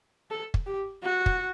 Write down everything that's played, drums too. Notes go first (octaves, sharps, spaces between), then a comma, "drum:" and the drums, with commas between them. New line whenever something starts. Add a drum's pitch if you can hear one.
A4
drum: kick
G4
F#4
drum: kick